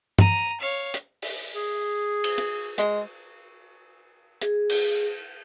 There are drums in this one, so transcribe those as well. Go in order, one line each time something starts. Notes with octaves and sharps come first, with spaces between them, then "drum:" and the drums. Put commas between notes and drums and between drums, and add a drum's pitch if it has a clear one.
A#5 D#7, drum: tom G2
C#5 F5
drum: hi-hat
drum: open hi-hat
G#4
drum: cymbal
drum: hi-hat
G#3, drum: hi-hat
G#4, drum: hi-hat
drum: cymbal